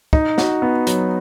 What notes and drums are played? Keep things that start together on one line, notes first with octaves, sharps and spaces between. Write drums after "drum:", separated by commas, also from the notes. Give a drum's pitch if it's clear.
D#4, drum: kick
F#4, drum: snare
B3
F#3, drum: hi-hat